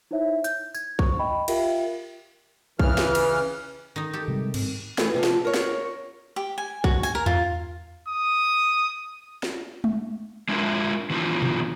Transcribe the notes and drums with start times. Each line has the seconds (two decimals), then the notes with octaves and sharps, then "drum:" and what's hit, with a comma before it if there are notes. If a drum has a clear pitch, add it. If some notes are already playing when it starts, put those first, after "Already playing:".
0.11 D#4 E4 C5 C#5 E5
0.44 G6, drum: hi-hat
0.75 G#6, drum: tambourine
0.99 C5 C#6, drum: kick B1
1.19 D#5 G5 B5
1.48 F4 G4 A#4 E5 F5 G5, drum: cymbal
2.79 C#3 E3 B4 F6, drum: kick B1
2.98 drum: snare
3.15 drum: cymbal
3.96 D#3 D#4
4.13 G4 A4
4.28 C3 G3 G#3
4.54 G#2 C4, drum: cymbal
4.98 E3 A3 B3, drum: snare
5.14 C3 E3 F3
5.24 drum: snare
5.45 A#4 C#5
5.54 drum: snare
6.36 G4
6.58 G#5
6.84 F#4, drum: kick B1
7.03 G#5, drum: tambourine
7.15 A#4
7.26 F4, drum: tom E2
8.08 D#6
9.43 drum: snare
9.84 drum: tom G#3
10.49 G#3 D4 E4 F4 A#4
11.10 D#3 E3 F#3 B3 D4 F4
11.42 drum: tom B2